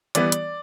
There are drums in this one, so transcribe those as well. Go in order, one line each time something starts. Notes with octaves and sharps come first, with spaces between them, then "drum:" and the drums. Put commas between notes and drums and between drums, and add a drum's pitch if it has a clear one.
E3 G3 B3 D5, drum: hi-hat
drum: hi-hat